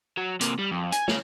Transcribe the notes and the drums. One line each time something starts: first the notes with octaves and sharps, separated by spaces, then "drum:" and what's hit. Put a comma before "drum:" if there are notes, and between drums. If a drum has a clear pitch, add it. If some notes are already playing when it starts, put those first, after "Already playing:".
F#3
C3 A#3, drum: hi-hat
G3
F2
G#5, drum: hi-hat
G#4 C#5, drum: snare